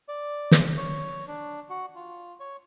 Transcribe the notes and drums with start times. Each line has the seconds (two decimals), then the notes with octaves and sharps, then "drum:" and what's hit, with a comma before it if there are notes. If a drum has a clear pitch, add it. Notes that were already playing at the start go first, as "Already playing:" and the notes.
0.08 D5
0.51 drum: snare
0.77 C#5
1.28 D4
1.70 F#4
1.95 F4
2.40 C#5